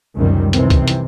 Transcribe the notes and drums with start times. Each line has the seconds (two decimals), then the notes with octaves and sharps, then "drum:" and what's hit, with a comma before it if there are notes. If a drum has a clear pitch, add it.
0.15 C#2 F#2 C3 D#3 G3
0.53 C2 C3 D#3 E3 C4, drum: hi-hat
0.70 drum: kick C#2, hi-hat
0.88 drum: hi-hat